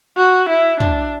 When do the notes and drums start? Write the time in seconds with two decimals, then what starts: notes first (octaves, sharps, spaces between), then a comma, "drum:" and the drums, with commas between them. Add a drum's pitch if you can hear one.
0.17 F#4
0.49 E4
0.80 D4, drum: tom